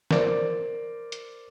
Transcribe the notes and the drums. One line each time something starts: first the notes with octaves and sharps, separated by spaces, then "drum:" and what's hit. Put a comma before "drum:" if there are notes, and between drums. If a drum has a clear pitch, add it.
A#4 C5 D5, drum: snare
drum: hi-hat